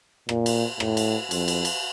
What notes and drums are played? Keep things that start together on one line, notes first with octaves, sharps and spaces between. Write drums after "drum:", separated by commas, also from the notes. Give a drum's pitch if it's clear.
A#2, drum: rim click
drum: cymbal
A2, drum: rim click
drum: cymbal
F2, drum: cymbal
drum: cymbal
drum: cymbal